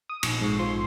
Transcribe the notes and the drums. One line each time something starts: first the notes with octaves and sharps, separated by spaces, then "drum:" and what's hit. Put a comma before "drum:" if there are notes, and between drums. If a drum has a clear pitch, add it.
D#6
A#1 C#6, drum: cymbal
G#2
F3 C6